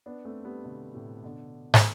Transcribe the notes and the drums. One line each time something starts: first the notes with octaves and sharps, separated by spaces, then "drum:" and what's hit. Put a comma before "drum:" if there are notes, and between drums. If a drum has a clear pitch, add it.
B3 D4
A3 C4
G3 B3
B2 D3
A2 C3
B2 D3
drum: snare